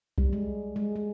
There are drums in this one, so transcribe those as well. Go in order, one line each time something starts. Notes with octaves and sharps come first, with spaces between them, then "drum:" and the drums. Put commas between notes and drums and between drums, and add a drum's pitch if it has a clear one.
G3, drum: kick B1
G#3
G#3
G#3